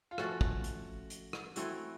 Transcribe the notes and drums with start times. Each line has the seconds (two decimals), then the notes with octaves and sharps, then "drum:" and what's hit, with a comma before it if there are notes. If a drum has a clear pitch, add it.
0.11 F4
0.18 F3 A3 C#4 F#4, drum: rim click
0.41 drum: kick
0.64 drum: hi-hat
1.10 drum: hi-hat
1.33 drum: rim click
1.56 E3 A3 C4 E4 F#4, drum: hi-hat